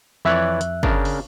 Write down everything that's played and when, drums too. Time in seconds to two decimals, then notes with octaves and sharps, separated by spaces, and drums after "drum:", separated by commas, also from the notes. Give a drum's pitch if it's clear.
0.25 F2 E3 C#5 D5 E5 F#6
0.61 drum: hi-hat
0.83 C#3 D4 A#4, drum: kick
1.05 drum: open hi-hat